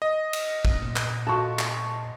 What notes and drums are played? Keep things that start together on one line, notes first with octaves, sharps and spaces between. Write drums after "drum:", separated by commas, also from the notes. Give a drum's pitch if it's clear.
D#5
drum: cymbal
drum: kick
A#2
drum: clap
F4 F#4 A4 A5 C#6
drum: clap